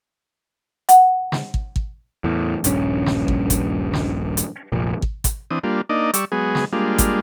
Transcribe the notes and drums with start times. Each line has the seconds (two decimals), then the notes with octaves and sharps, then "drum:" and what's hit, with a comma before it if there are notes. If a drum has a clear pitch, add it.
0.89 F#5, drum: hi-hat
1.32 drum: snare
1.54 drum: kick
1.76 drum: kick
2.24 E2 A2
2.64 D#1 A#1 G2 C#4, drum: hi-hat
3.06 drum: snare
3.28 drum: kick
3.50 drum: kick, hi-hat
3.93 drum: snare
4.37 drum: hi-hat
4.72 F1 A#1 A#2
5.02 drum: kick
5.24 drum: kick, hi-hat
5.51 E3 C4 D4 D#6
5.64 G3 A#3 D4 F4
5.89 A#3 D4 D#4 D5 D#5
6.14 G3 D5 C#6 E6, drum: hi-hat
6.32 F#3 G#3 B3 G#4
6.55 drum: snare
6.73 G3 G#3 A#3 D4 F4
6.98 drum: kick, hi-hat